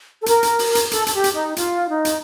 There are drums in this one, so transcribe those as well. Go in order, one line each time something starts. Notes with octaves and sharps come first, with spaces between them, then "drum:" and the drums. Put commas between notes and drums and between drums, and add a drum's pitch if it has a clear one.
A4
A#4, drum: hi-hat
drum: hi-hat
drum: open hi-hat
drum: hi-hat
A4, drum: hi-hat
A4, drum: hi-hat
G4
drum: hi-hat
D#4
F4, drum: hi-hat
D#4
drum: hi-hat